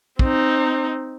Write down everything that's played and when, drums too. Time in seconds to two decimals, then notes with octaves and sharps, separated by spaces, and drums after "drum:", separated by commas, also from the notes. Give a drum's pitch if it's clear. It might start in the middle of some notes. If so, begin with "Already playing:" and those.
0.19 C4 D#4, drum: kick